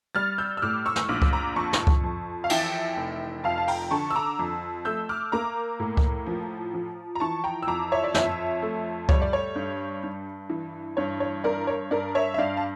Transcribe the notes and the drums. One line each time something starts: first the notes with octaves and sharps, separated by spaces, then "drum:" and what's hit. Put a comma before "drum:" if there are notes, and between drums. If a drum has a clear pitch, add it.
G3 F6 A6
E6 G6
E6
A2 D6 F6
C#6 E6
drum: snare
A#1 D6 F6
E6, drum: kick C#2
A#5 D6
F2 A5 C#6
drum: snare
drum: kick C#2
F2
F5
E3 E5 G5, drum: cymbal
F1
F2 F5 A5
A5
G5 A#5, drum: open hi-hat
D3 A5 C#6
E6
A#5 D6
F2
A3 E6 G6
D6 F6
A#3 A#5 D6
A2
drum: kick C#2
F3
F3
A#5
E3 A5 C#6
G5 A#5
E6
F2 A#5 D6
C#5 E5
D5
F2 C#5 E5, drum: snare
A3
G3 C#5, drum: kick C#2
D5
C#5
G2
G2
E3
G2 C#5
C#5
G2 A#4 D5
C#5
G2 A#4 D5
C#5 E5
E5
G2 D5 F5
A5